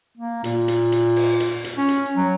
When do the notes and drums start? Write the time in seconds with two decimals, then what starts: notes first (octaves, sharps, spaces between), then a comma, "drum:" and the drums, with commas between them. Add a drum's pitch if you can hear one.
0.17 A#3
0.44 A#2, drum: hi-hat
0.68 drum: hi-hat
0.92 drum: hi-hat
1.16 drum: open hi-hat
1.40 drum: hi-hat
1.64 drum: hi-hat
1.77 C#4
1.88 drum: hi-hat
2.17 F#3